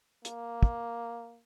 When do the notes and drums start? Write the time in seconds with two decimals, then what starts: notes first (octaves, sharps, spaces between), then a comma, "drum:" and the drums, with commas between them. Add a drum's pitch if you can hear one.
0.25 A#3, drum: hi-hat
0.63 drum: kick